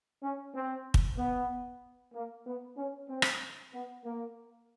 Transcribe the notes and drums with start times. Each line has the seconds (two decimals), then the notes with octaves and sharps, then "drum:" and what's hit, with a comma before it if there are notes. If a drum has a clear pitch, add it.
0.22 C#4
0.54 C4
0.94 drum: kick
1.18 B3
2.13 A#3
2.46 B3
2.77 C#4
3.08 C4
3.22 drum: rim click
3.73 B3
4.04 A#3